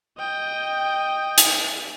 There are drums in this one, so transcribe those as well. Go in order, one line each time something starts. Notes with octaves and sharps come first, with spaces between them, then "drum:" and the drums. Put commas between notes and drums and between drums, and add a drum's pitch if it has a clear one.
D#5 G5
drum: hi-hat